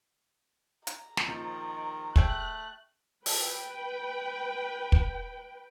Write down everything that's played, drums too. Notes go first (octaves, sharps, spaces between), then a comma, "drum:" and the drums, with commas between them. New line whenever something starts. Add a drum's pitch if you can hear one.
A#5, drum: hi-hat
drum: snare
A#1 D#3 F3 C#7
A3 G#4 G5 F#6, drum: kick
B4 G5, drum: open hi-hat
drum: kick